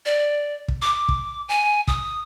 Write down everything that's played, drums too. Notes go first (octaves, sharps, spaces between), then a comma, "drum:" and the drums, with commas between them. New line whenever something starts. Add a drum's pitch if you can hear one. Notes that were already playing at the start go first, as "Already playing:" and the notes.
D5
drum: kick
D6
drum: kick
G#5
D#6, drum: kick